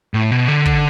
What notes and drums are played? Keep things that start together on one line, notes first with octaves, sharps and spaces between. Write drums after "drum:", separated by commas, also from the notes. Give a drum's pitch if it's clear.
A2
B2
D3
drum: kick